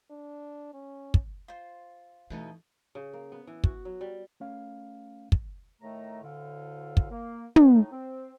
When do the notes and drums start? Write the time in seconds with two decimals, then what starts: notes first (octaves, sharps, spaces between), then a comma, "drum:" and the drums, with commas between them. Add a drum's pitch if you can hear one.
0.10 D4
0.74 C#4
1.14 drum: kick
1.48 F4 C5
2.30 B2 E3 A3 D#4
2.95 C#3
3.13 A#3
3.32 B3
3.47 E3
3.64 F#4, drum: kick
3.85 F#3
4.01 G3
4.40 A3 C#4 F5
5.32 drum: kick
5.81 A2 D#3 A3 A#5
6.23 D2 A2 D3 F5
6.97 drum: kick
7.10 A#3
7.56 B2 B3, drum: tom
7.74 A2 D#4
7.92 C4